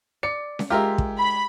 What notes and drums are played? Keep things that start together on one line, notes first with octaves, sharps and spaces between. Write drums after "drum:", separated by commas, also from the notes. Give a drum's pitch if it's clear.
D5 C#7
drum: snare C#4
G#3 F4 G4 A#4 E5
drum: kick
B5